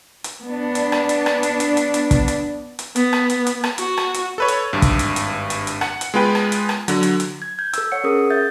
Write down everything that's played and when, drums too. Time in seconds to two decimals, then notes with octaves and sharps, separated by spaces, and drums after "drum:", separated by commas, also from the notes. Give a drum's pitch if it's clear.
0.24 drum: hi-hat
0.46 B3 D4
0.75 drum: hi-hat
0.92 drum: rim click
1.09 drum: hi-hat
1.26 drum: rim click
1.43 drum: hi-hat
1.60 drum: hi-hat
1.77 drum: hi-hat
1.94 drum: hi-hat
2.11 drum: kick, hi-hat
2.28 drum: hi-hat
2.79 drum: hi-hat
2.96 B3, drum: hi-hat
3.13 drum: rim click
3.30 drum: hi-hat
3.47 drum: hi-hat
3.64 drum: rim click
3.78 F#4, drum: hi-hat
3.97 drum: rim click
4.14 drum: hi-hat
4.38 A4 B4 C#5
4.48 drum: hi-hat
4.73 G#1 G2
4.82 drum: kick, hi-hat
4.99 drum: hi-hat
5.16 drum: hi-hat
5.50 drum: hi-hat
5.67 drum: hi-hat
5.81 F#5, drum: rim click
6.01 drum: hi-hat
6.14 G#3 B3 F4 B4 G5
6.35 drum: rim click
6.52 drum: hi-hat
6.69 drum: rim click
6.88 D3 F#3, drum: hi-hat
7.03 drum: hi-hat
7.20 drum: hi-hat
7.42 G#6
7.59 G6 G#6
7.73 A4 E6, drum: hi-hat
7.92 C#5 F#5 C#7
8.04 C#4 G#4 A#4 D#6
8.30 E5 G6 A6